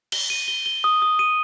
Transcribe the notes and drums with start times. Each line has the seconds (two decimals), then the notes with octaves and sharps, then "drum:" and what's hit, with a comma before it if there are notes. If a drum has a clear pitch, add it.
0.12 G7, drum: cymbal
0.30 D#7
0.48 G7
0.66 G7
0.84 D#6
1.02 D#6
1.19 D#7